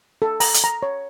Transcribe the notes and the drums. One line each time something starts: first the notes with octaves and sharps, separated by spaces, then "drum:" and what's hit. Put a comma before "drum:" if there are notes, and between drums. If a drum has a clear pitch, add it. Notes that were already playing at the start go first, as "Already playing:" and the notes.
A4
A#5, drum: open hi-hat
drum: hi-hat
A#5
C#5